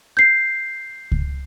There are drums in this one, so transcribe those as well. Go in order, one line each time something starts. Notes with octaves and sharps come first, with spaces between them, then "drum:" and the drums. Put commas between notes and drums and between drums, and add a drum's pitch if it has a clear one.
G6 C7
drum: kick C#2